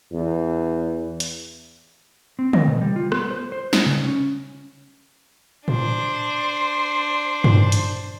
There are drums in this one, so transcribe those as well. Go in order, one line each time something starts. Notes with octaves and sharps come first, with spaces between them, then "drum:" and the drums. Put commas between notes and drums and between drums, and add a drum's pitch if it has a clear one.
E2
drum: hi-hat
C4
D#5, drum: tom D3
B2
G3
F4
B3, drum: rim click
C5
C5
D#4, drum: snare
C#3
C#4
D4 C5, drum: tom A2
drum: tom G2
drum: hi-hat